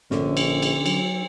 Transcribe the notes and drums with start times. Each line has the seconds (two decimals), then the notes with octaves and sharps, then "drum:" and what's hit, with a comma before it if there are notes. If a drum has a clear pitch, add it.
0.11 A#1 D3 C#4, drum: snare
0.37 drum: cymbal
0.62 drum: cymbal
0.86 F#3, drum: cymbal